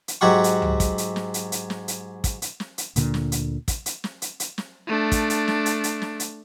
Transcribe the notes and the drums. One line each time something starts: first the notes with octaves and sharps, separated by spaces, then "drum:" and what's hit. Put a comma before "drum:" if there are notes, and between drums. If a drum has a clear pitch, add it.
drum: hi-hat
G#2 F#3 G4 F#5 C#6
drum: hi-hat
drum: tom C#2
drum: kick, hi-hat
drum: hi-hat
drum: snare
drum: hi-hat
drum: hi-hat
drum: snare
drum: hi-hat
drum: kick, hi-hat
drum: hi-hat
drum: snare
drum: hi-hat
D2 A#2 D3, drum: hi-hat
drum: snare
drum: hi-hat
drum: kick, hi-hat
drum: hi-hat
drum: snare
drum: hi-hat
drum: hi-hat
drum: snare
A3 D4
drum: kick, hi-hat
drum: hi-hat
drum: snare
drum: hi-hat
drum: hi-hat
drum: snare
drum: hi-hat